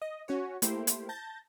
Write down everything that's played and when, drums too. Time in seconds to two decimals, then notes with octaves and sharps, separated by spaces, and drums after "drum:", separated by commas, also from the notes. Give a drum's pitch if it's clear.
0.02 D#5
0.28 C#4 F#4 C#5
0.62 A3 A#3 E4 G4 C5, drum: hi-hat
0.87 drum: hi-hat
1.09 A5 G6 A6 A#6